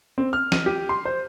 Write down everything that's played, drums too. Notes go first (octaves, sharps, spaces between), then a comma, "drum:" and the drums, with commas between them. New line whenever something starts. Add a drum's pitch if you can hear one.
C4
F6
D#7, drum: snare
G4
C6
C5